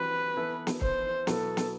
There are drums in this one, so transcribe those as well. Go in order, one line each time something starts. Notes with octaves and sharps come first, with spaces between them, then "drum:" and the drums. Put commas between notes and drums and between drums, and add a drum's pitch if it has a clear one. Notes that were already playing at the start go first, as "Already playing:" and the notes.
Already playing: E3 G3 C4 F#4 B4
E3 B3 E4 A4
drum: snare
C5, drum: kick
B2 F#3 B3 E4 A4, drum: snare
drum: snare